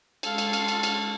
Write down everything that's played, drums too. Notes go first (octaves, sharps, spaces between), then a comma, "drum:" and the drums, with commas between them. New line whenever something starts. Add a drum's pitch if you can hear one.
G#3 C#4 F4 A4, drum: cymbal
drum: cymbal
drum: cymbal
drum: cymbal
drum: cymbal